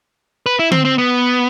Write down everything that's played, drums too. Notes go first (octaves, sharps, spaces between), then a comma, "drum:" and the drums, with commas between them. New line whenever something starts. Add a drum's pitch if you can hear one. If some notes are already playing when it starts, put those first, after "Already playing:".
B4
E4
C4, drum: tom D3
C4
B3